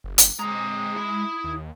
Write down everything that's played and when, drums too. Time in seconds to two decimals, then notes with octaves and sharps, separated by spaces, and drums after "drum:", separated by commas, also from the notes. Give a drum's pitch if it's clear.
0.04 F#1
0.18 drum: hi-hat
0.39 G#3 C4 A#5 D#6
0.96 E4 B5
1.44 D#2